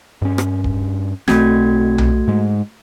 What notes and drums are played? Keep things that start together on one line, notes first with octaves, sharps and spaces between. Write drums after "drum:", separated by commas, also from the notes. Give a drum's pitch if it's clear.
G2 C#4
drum: rim click
drum: kick
B1 A3 C4 F#4 G#6, drum: snare
drum: tom B1
G#2 G#3